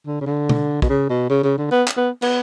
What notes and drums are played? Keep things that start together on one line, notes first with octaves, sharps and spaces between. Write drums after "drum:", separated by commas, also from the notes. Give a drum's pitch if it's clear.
D3
C#3
D3
drum: tom
B2, drum: kick
C#3
B2
C#3
C#3
D3
B3
drum: clap
B3
B3, drum: cymbal